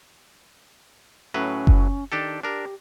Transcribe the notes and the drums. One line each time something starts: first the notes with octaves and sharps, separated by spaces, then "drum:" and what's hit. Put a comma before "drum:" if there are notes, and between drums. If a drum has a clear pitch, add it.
A2 F#3 C#4 B4
drum: kick F#1
D#3 D4 G4 A4
D4 G4 A#4